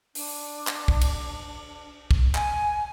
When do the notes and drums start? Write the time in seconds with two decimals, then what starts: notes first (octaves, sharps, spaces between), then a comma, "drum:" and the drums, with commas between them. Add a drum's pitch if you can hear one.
0.15 D4, drum: open hi-hat
0.67 drum: clap
0.88 drum: kick
1.01 drum: cymbal
2.11 drum: kick
2.35 G#5, drum: clap